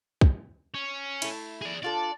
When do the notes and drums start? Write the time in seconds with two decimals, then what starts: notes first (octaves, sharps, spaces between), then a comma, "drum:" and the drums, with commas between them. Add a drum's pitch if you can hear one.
0.21 drum: kick
0.74 C#4
1.22 A3 E4, drum: cymbal
1.62 G#4 D5
1.83 D4 F4 A4 D5